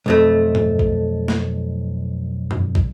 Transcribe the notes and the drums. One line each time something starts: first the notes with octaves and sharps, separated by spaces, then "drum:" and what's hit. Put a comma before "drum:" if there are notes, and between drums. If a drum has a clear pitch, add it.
B1 F2 A3
drum: tom G2
drum: kick
drum: snare
drum: tom F#2
drum: kick